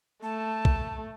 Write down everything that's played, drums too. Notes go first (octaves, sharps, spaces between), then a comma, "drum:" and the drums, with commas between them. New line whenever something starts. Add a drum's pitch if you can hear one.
A3 A5
drum: kick